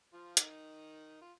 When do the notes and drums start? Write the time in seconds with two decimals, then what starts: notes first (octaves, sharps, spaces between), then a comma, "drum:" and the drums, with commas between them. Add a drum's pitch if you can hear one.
0.13 F3 F4
0.37 D#3 D#4, drum: hi-hat
1.21 F4